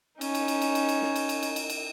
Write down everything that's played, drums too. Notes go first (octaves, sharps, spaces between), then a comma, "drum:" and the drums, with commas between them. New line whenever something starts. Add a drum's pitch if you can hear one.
C#4 D#4, drum: cymbal
drum: cymbal
drum: cymbal
drum: cymbal
drum: cymbal
drum: cymbal
drum: snare
drum: cymbal
drum: cymbal
drum: cymbal
drum: cymbal
drum: cymbal